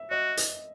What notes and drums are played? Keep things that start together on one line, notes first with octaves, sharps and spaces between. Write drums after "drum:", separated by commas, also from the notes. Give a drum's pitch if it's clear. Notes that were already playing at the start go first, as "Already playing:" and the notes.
Already playing: E5
F#4 D#5
drum: hi-hat